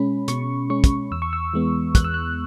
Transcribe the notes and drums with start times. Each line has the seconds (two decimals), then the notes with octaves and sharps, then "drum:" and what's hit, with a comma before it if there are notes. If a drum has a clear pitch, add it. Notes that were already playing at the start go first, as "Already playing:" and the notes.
Already playing: B2 G#3 C#4 B5
0.28 B2 C#6, drum: hi-hat
0.70 G#3 C#4 C#6
0.84 drum: kick, hi-hat
1.11 E2 E6
1.22 C#6
1.33 E6
1.54 E3 G#3 B3
1.95 E2 F#6, drum: kick, hi-hat
2.04 E6
2.14 F#6